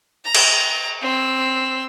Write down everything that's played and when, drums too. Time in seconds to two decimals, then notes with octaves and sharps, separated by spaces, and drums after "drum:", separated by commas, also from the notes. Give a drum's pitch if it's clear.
0.24 A#5
0.35 drum: cymbal
1.02 C4 E6